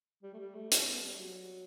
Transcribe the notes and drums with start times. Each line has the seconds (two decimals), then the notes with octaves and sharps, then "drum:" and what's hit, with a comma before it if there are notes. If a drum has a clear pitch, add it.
0.23 G3
0.34 A3
0.39 G3
0.55 A3
0.72 C#4, drum: hi-hat
0.86 B3
1.02 G3
1.19 F#3